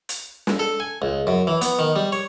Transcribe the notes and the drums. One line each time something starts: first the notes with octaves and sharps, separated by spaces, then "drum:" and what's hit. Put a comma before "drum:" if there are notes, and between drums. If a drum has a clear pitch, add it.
drum: hi-hat
drum: snare
A4
G#5
C#2
F#2
E3
B3, drum: hi-hat
D#3
G3
C#5